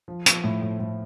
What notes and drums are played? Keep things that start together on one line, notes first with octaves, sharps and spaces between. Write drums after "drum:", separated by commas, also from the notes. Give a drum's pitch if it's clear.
F3
F3, drum: hi-hat
A2
A2
A2